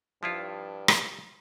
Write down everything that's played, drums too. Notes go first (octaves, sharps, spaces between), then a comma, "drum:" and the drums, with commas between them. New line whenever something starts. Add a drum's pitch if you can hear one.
G2 F3 E4 F4
drum: rim click